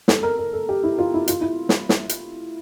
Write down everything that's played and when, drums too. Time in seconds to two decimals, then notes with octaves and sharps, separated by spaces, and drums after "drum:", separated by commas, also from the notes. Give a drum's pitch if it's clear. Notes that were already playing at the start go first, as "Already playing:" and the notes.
0.08 A4, drum: snare
0.23 A#4
0.38 A#4
0.53 A4
0.69 G4
0.83 E4
0.99 F4
1.14 E4
1.28 F4, drum: hi-hat
1.41 E4
1.69 drum: snare
1.89 drum: snare
2.09 drum: hi-hat